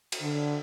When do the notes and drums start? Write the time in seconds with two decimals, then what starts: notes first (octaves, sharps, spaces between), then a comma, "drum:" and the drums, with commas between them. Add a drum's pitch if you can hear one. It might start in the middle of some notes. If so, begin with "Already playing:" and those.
0.12 drum: cymbal
0.22 D3